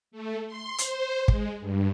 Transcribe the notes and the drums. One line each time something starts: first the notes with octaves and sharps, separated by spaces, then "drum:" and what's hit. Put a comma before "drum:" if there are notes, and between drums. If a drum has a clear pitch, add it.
A3
C6
C5, drum: hi-hat
G#3, drum: kick
G2